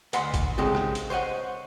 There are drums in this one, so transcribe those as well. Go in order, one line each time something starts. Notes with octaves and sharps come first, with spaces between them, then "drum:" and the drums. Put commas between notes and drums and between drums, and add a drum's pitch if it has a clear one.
D2 D#5 F#5 B5 C6, drum: hi-hat
drum: kick A1, hi-hat
C#3 G#3 C4 G4 A4
drum: rim click
drum: hi-hat
C5 C#5 D#5 F#5